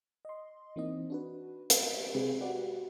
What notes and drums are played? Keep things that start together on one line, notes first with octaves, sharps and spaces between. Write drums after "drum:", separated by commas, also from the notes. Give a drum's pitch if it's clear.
D#5 C6
E3 A#3 C4 D#4 D#5
D4 F#4 B4
G4, drum: hi-hat
C3 G#3 C4 G4 G#4 B4
F#4 G4 B4 D5 F#5